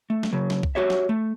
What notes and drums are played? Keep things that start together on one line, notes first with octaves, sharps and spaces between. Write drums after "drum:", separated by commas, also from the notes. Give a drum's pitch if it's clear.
A3
drum: snare
C#3 F#3
drum: snare
drum: kick C2
F#4 G4 C#5 E5
drum: snare
A3